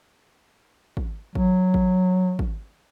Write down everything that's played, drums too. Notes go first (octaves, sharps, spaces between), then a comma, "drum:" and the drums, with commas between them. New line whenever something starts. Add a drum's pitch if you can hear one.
drum: kick
F#3, drum: kick
drum: kick
drum: kick